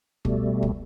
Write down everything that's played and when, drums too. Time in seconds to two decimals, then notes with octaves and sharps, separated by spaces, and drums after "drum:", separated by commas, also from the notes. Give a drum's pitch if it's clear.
0.25 B2 G3 A3, drum: kick
0.63 drum: kick